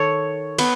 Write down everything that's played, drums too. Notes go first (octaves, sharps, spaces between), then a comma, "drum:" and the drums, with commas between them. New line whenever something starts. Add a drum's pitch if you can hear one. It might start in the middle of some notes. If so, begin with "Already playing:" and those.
Already playing: D#3 A4 C#5
B3, drum: cymbal